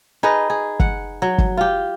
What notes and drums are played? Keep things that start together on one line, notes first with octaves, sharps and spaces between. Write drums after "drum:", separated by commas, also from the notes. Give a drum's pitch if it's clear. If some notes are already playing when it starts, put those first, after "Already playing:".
D#4 G#4 B4 D#5
G#4
F#5, drum: kick
F#3
drum: kick
F4 G4